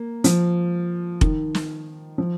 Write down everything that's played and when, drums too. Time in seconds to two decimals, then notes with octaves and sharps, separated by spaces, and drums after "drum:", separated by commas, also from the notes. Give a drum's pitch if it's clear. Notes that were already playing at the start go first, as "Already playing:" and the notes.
Already playing: A#3
0.24 F3, drum: hi-hat
1.21 D#3, drum: kick F1
1.55 drum: snare
2.18 F3